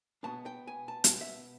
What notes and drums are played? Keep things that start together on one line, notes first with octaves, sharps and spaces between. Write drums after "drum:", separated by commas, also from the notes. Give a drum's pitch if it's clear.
B2 G#3 B3 D4 A5
G5
G#5
A5
drum: hi-hat
E5